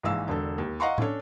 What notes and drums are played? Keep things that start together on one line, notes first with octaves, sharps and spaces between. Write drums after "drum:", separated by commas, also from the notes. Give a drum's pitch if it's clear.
A#1 G#2 E3 F5 E6
E1 D3 A4
D#2
D#5 F5 F#5 A#5 C6 C#6
C#4 D4 A4 C#5, drum: tom A2